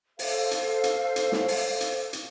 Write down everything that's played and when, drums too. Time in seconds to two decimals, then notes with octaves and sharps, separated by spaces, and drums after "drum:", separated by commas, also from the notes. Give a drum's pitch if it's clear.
0.19 A4 C5 F5, drum: open hi-hat
0.51 drum: hi-hat
0.84 drum: hi-hat
1.16 drum: hi-hat
1.32 drum: snare
1.48 drum: open hi-hat
1.81 drum: hi-hat
2.13 drum: hi-hat